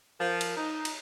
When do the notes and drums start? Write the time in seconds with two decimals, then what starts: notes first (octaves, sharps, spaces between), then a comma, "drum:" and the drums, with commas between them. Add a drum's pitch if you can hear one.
0.19 F3 A#4
0.41 drum: cymbal
0.57 D#4
0.85 drum: cymbal